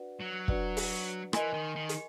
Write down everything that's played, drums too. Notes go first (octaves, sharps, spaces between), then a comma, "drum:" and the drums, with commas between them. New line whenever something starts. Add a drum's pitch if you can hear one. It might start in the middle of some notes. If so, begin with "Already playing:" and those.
Already playing: D4 F#4 B4 D5 F#5
F#3
D4 F#4 B4 D5 F#5, drum: kick
drum: open hi-hat
E3 A#4 D#5 G#5 C6, drum: rim click
D#3
D#3
drum: hi-hat